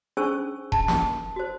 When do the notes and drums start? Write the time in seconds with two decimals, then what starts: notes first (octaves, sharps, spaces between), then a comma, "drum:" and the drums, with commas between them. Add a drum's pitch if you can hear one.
0.17 C#4 D4 G#4 C5 C#6 E6
0.72 A5, drum: kick E1
0.88 drum: snare
1.36 F#4 C5